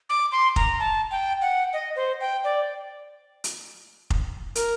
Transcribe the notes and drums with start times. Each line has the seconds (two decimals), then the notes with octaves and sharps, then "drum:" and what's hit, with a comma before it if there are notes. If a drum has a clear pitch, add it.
0.09 D6
0.32 C6
0.56 A#5, drum: kick F1
0.79 A5
1.11 G5
1.42 F#5
1.73 D#5
1.96 C5
2.21 G5
2.44 D5
3.44 drum: hi-hat
4.10 drum: kick F1
4.55 A#4, drum: hi-hat